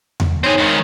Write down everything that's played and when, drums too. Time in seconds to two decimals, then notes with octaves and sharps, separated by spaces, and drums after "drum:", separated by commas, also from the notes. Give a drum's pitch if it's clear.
0.20 drum: tom E2
0.44 C4 D#4 G#4 C#5
0.58 G#2 D#3